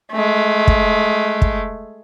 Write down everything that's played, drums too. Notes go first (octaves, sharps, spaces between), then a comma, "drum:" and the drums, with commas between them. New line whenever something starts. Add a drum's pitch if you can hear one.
G#3 A3
drum: kick
drum: kick